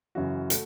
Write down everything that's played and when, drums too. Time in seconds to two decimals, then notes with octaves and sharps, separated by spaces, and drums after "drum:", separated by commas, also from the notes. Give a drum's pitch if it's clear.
0.15 F#2 C#3 E3 F#4
0.50 A3, drum: hi-hat